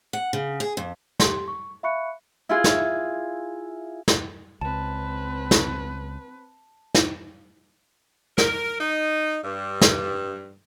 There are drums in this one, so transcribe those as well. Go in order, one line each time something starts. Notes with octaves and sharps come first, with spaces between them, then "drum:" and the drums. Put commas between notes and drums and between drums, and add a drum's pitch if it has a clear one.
F#5
C#3
G#4
F2
G4 C6, drum: snare
C#6
E5 F5 B5 C#6 F#6 C#7
E4 F4 G#4
drum: snare
drum: snare
C#2 C4 B4 A5
drum: snare
drum: snare
A#4, drum: snare
D#4
G2
drum: snare